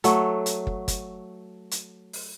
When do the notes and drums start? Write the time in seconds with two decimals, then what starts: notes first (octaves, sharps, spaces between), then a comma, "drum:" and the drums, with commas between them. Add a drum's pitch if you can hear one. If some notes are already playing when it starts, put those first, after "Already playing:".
0.04 F#3 A3, drum: hi-hat
0.46 drum: hi-hat
0.67 drum: kick
0.88 drum: kick, hi-hat
1.71 drum: hi-hat
2.13 drum: open hi-hat